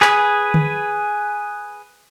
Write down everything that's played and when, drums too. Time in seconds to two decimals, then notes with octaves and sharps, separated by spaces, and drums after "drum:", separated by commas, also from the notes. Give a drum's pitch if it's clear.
0.01 G#4 B4, drum: clap
0.54 drum: tom